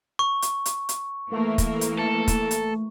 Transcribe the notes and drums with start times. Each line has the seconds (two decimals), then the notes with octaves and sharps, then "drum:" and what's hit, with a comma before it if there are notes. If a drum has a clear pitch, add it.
0.19 C#6
0.42 drum: hi-hat
0.66 drum: hi-hat
0.89 drum: hi-hat
1.32 E3 A3 A#3 A#4
1.58 drum: kick, hi-hat
1.81 drum: hi-hat
1.98 A4
2.28 drum: kick, hi-hat
2.51 drum: hi-hat